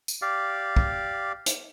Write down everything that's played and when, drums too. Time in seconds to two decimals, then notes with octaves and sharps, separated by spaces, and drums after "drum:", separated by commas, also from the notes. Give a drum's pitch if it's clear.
0.08 drum: tambourine
0.22 G4 D5 F5
0.76 drum: kick
1.46 drum: hi-hat